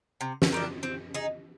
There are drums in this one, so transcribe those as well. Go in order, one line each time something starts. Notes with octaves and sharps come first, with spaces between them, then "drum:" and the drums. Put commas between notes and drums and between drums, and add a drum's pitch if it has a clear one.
C3
drum: snare
D#3 G3 D4
C4
D#4 G#4